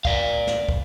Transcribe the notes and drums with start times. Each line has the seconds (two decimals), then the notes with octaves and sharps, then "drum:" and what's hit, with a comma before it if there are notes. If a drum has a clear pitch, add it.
0.05 D5 F5, drum: kick
0.47 drum: snare
0.69 drum: kick